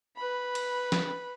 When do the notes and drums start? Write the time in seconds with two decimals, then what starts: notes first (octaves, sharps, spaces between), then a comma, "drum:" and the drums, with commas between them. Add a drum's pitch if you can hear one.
0.16 B4 B5
0.55 drum: cymbal
0.92 drum: snare